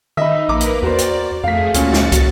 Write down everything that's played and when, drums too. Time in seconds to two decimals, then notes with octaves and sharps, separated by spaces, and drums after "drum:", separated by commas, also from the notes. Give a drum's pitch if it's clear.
0.17 D#3 D#4 D#5 E5 B5
0.49 A#1 A#3 A#4 B4 A#5 D6 D#6
0.61 drum: hi-hat
0.82 E2 F#4 A#4 C5 D5
0.98 drum: hi-hat
1.44 F2 A3 G#4 F5 B6
1.74 D2 A#2 C#4 F#4 A6 C#7, drum: hi-hat
1.93 drum: snare
2.12 drum: kick, hi-hat